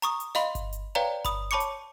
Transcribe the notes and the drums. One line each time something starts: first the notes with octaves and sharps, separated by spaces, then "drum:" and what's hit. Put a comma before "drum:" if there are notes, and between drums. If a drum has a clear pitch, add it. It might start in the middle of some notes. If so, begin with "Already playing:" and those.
A#5 C#6 D#6, drum: hi-hat
drum: hi-hat
D#5 F5 B5 C6, drum: snare
drum: kick G1, hi-hat
drum: hi-hat
B4 C#5 D5 F5 G5 A#5
B5 D#6, drum: kick G1, hi-hat
C#5 A5 B5 C#6 D6 C#7
drum: hi-hat